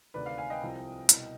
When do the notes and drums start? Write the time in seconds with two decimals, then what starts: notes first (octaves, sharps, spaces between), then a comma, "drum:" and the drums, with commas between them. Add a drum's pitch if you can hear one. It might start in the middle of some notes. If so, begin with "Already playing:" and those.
0.14 D2 C3 D#3 B4 D5
0.26 D5 F5
0.38 F5 G#5
0.50 D#5 G5
0.62 C2 C3 F3
1.09 C2 B2, drum: hi-hat